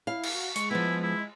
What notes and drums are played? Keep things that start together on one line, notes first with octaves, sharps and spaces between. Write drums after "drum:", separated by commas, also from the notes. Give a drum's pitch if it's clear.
E4 F5
drum: cymbal
F#4
G#3 C#6, drum: hi-hat
F3 B3 E4
E4